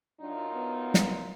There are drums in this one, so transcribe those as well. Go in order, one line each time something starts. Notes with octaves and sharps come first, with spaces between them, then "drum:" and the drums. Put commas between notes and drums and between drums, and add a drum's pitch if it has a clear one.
F#2 D4 D#4 F4
B3
drum: snare